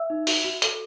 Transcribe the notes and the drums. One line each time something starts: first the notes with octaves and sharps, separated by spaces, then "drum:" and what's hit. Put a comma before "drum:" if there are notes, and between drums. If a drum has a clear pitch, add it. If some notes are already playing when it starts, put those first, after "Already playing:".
Already playing: E5 E6
D#4
F#4, drum: open hi-hat
F#4
A4, drum: hi-hat